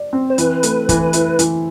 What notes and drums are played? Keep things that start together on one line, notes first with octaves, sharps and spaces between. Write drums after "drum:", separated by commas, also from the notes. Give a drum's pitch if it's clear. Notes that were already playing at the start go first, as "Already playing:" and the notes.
Already playing: D5
C4
C5
E3 B4, drum: hi-hat
A3, drum: hi-hat
E3, drum: kick, hi-hat
E4, drum: hi-hat
E3, drum: hi-hat